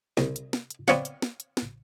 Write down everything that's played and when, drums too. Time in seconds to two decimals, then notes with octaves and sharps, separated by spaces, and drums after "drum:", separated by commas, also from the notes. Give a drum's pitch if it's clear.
0.17 C2, drum: snare
0.36 drum: hi-hat
0.53 drum: snare
0.70 drum: hi-hat
0.88 B3 C4 C#5 D5 F5 F#5, drum: snare
1.05 drum: hi-hat
1.22 drum: snare
1.40 drum: hi-hat
1.57 drum: snare